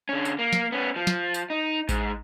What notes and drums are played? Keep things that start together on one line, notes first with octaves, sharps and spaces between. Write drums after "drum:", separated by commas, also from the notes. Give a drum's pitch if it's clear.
D3 C#4
drum: tambourine
A#3
drum: snare
B3 C#4
F3
drum: snare
drum: tambourine
D#4
G#2, drum: kick A1, tambourine